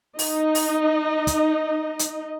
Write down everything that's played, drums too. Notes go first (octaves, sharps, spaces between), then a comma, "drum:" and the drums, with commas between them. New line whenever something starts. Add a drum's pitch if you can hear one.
D#4 D#5, drum: open hi-hat
drum: open hi-hat
drum: kick, hi-hat
drum: hi-hat